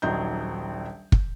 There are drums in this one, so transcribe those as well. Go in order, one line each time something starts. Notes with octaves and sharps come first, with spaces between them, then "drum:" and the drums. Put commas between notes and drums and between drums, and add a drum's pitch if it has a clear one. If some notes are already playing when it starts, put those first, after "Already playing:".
D#1 A#1 F#3 D#4 G6
drum: kick